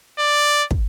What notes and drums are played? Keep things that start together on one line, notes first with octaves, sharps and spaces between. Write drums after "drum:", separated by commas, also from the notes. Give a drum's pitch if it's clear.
D5
drum: kick